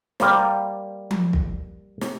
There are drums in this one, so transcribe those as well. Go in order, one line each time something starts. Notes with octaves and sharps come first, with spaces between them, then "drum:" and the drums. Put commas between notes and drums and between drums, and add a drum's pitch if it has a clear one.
G3 A#3 C5, drum: snare
drum: tom F3
drum: kick
drum: snare